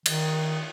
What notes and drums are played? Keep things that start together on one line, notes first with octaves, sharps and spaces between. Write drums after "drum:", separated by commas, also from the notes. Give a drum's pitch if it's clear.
D#3, drum: cymbal